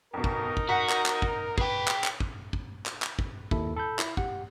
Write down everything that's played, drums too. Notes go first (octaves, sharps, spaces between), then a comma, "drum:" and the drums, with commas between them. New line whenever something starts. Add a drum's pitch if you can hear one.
F2 B2 D#4 A#4
drum: kick
drum: kick
F#4 F#5 A#5 B6
drum: clap
drum: clap
drum: kick
G#4 B4 G5, drum: kick
drum: clap
drum: clap
drum: kick
drum: kick
drum: clap
drum: clap
drum: kick
D#2 E4 A4, drum: kick
A4 B5 G6
E4, drum: clap
G4 F#5, drum: kick